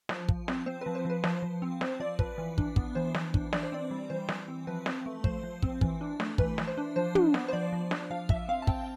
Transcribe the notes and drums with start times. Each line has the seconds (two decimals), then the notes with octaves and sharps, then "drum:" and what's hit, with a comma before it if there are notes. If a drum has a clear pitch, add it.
0.09 F3, drum: snare
0.29 F3, drum: kick
0.48 C4, drum: snare
0.66 C4 C5
0.81 B4
0.86 F3
0.95 C5
1.05 F3 B4
1.24 F3 C5, drum: snare
1.43 F3
1.62 C4
1.81 C4 C5, drum: snare
2.00 F3 D5
2.19 F3 B4, drum: kick
2.38 E3
2.58 D4, drum: kick
2.76 B3, drum: kick
2.95 E3 C5
3.15 E3, drum: snare
3.34 D4, drum: kick
3.53 E3 D5, drum: snare
3.63 C5
3.72 C4 D5
3.91 G3
4.10 E3 C5
4.29 E3, drum: snare
4.48 C4
4.67 F3 B4
4.86 C4, drum: snare
5.06 A3
5.24 F3 C5, drum: kick
5.43 F3
5.62 C4, drum: kick
5.81 E3, drum: kick
6.01 D4
6.20 A3, drum: snare
6.38 E3 B4, drum: kick
6.58 E3, drum: snare
6.67 C5
6.78 D4
6.96 F3 C5
7.15 D4, drum: tom
7.34 B3, drum: snare
7.48 C5
7.53 F3 D5
7.73 F3
7.91 D4, drum: snare
8.10 F3 F5
8.29 F3 E5, drum: kick
8.49 C4 F5
8.62 A5
8.67 C4 G5, drum: kick